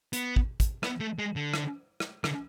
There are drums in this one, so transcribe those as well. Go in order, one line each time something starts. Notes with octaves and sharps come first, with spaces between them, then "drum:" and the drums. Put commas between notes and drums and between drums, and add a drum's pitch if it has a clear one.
B3, drum: hi-hat
drum: kick
drum: kick, hi-hat
B3, drum: rim click
A3
G#3
D3
drum: rim click
drum: rim click
D3, drum: rim click